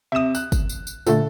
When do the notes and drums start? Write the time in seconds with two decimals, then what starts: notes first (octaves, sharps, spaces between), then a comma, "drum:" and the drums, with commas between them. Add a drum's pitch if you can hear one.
0.12 C3 E5 D#6 E7
0.35 F#6, drum: tambourine
0.52 drum: kick, tambourine
0.69 drum: tambourine
0.87 drum: tambourine
1.07 A#2 D3 A3 A4, drum: tambourine